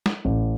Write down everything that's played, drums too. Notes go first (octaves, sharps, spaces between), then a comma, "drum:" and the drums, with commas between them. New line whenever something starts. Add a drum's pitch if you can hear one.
drum: snare
A1